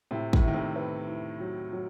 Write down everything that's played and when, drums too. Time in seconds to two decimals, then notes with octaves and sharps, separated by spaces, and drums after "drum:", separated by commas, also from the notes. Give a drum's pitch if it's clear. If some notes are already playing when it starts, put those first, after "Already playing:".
0.11 A2 C3 E4
0.33 A2, drum: kick
0.43 D#3 E4
0.54 A2 C3
0.76 B4
1.08 E4
1.40 F#3
1.73 F#3